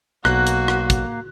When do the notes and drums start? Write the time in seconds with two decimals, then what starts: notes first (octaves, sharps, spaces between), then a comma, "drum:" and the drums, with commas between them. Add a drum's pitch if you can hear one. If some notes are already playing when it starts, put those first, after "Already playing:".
0.25 B1 A#3 F#4 F#6, drum: rim click
0.47 drum: hi-hat
0.68 drum: rim click
0.90 drum: kick, hi-hat